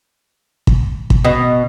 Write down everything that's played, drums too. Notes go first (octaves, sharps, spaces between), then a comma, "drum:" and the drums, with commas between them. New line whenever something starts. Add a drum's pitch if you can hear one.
drum: kick
drum: kick
B2